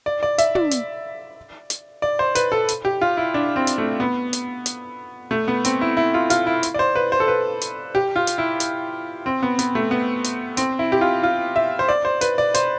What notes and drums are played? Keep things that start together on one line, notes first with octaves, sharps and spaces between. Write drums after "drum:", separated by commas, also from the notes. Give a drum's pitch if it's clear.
D5
D5
E5, drum: hi-hat
D5, drum: tom
drum: hi-hat
drum: hi-hat
D5
C5
B4, drum: hi-hat
A4
drum: hi-hat
G4
F4
E4
D4
C4
drum: hi-hat
A3
B3
drum: hi-hat
drum: hi-hat
A3
B3
C4, drum: hi-hat
E4
E4
F4
F4, drum: hi-hat
E4
drum: hi-hat
D5
C5
B4
C5
A4
B4
drum: hi-hat
G4
F4
drum: hi-hat
E4
drum: hi-hat
C4
B3
B3, drum: hi-hat
A3
B3
drum: hi-hat
C4, drum: hi-hat
E4
G4
F4
F4
E5
C5
D5
C5
B4, drum: hi-hat
D5
C5, drum: hi-hat